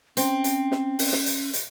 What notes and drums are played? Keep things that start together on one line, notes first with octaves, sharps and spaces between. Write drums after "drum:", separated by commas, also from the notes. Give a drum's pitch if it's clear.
C4 C#4, drum: hi-hat
drum: hi-hat
drum: snare
drum: open hi-hat
drum: snare
drum: hi-hat
drum: hi-hat